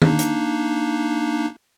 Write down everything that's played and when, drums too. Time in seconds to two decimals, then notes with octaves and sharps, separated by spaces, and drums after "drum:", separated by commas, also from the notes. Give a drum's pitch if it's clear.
0.02 A#3 D4 D#4, drum: tom D#3
0.19 drum: hi-hat